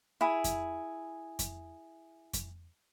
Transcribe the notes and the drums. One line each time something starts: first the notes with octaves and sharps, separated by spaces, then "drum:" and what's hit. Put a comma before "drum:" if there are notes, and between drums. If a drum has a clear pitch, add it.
E4 G#4
drum: kick F2, hi-hat
drum: kick F2, hi-hat
drum: kick F2, hi-hat